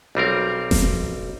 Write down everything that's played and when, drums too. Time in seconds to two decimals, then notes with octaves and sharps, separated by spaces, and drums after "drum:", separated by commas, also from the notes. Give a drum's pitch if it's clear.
0.15 B1 G3 C4 A#4
0.71 drum: snare F1